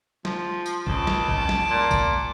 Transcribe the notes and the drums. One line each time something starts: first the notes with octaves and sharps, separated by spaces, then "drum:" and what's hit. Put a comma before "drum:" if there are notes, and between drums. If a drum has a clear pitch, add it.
F3, drum: snare
drum: tambourine
C#2 A5 D6, drum: kick B1
drum: snare
drum: kick B1
drum: snare
A#2
drum: kick B1, tambourine